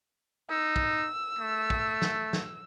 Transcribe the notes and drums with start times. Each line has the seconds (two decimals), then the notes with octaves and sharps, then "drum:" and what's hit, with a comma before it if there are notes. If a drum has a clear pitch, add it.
0.50 D#4 E6
0.76 drum: kick
1.39 A3
1.70 drum: kick
2.02 drum: snare
2.33 drum: snare